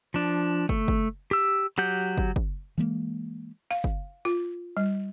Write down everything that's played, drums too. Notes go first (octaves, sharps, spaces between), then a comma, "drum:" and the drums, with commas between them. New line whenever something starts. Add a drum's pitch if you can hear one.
F3 D4
A3, drum: kick
drum: kick
G4 E6
F#3 G4 F#5 G6
drum: kick
drum: kick
E3 G#3 A#3
F5
drum: kick
F4
G3